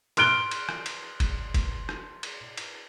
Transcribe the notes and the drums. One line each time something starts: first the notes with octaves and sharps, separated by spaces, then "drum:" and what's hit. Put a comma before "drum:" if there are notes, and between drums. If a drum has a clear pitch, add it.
C6 F6 F#6 D7 G7, drum: cymbal
drum: cymbal
drum: rim click
drum: cymbal
drum: kick, cymbal
drum: kick, cymbal
drum: rim click
drum: cymbal
drum: cymbal